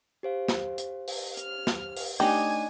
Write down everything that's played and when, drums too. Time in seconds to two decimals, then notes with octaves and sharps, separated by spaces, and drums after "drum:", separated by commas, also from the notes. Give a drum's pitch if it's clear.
0.23 G4 C5 F5
0.48 drum: snare
0.78 drum: hi-hat
1.08 drum: open hi-hat
1.37 F6, drum: hi-hat
1.67 drum: snare
1.97 drum: open hi-hat
2.20 A3 D4 D#4 G4 C#5 G#5